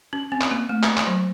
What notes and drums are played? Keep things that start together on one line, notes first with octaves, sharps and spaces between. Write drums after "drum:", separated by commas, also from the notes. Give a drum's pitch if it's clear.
C#4
C4
drum: clap
A#3
A3
drum: clap
drum: clap
F#3